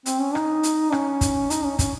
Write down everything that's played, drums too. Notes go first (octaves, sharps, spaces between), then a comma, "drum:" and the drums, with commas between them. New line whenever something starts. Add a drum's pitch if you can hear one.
C4, drum: hi-hat
C#4
D#4, drum: rim click
drum: hi-hat
C#4, drum: rim click
drum: kick, hi-hat
D#4, drum: hi-hat
C#4
C#4, drum: kick, hi-hat